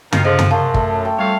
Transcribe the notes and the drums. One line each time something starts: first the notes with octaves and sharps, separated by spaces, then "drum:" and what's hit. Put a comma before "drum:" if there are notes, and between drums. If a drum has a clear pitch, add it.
D#3 D#4 F4, drum: tom
D3 F3 G#4 C5 D#5
drum: tom
F#2 F5 A5 C6
A3, drum: kick
G5
F2 G3 C#5 F5